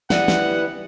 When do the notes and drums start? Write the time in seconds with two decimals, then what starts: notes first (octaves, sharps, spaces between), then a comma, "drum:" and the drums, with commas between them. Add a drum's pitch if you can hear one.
0.10 E3 G3 B3 F#5, drum: snare
0.28 drum: snare